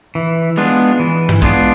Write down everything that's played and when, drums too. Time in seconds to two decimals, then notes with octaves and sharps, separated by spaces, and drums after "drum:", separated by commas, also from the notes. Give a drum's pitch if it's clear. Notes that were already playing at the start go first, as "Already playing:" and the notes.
0.15 E3
0.57 G#3 B3 D4 F4
1.00 E3
1.29 drum: tom G2
1.42 G#3 B3 D4 F4, drum: kick